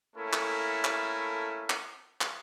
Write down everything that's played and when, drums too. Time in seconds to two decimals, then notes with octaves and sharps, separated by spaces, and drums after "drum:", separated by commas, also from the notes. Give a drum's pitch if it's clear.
0.16 A3 A#3 C#4 E4 A4 A#4
0.33 drum: clap
0.84 drum: clap
1.70 drum: clap
2.21 drum: clap